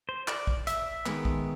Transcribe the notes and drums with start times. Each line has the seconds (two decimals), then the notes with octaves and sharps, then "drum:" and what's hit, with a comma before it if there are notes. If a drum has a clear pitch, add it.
0.09 C5
0.28 D5, drum: clap
0.47 drum: kick A#1
0.67 E5, drum: hi-hat
1.06 D#3 G#3 B3, drum: clap
1.25 drum: kick A#1